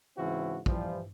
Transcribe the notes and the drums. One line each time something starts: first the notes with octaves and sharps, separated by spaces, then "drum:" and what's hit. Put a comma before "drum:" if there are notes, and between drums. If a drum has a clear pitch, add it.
G#2 C#3 E3 C4 E4 F#4
E3 F3 G3, drum: kick